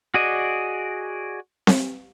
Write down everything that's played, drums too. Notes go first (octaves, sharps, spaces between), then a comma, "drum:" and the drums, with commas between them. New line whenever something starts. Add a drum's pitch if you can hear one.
F#4 G#4 D5 D#5
drum: snare C4